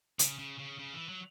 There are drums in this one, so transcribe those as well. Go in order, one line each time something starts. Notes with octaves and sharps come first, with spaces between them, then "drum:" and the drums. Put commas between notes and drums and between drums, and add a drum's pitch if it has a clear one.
C#3, drum: hi-hat
C#3
C#3
C#3
E3
F#3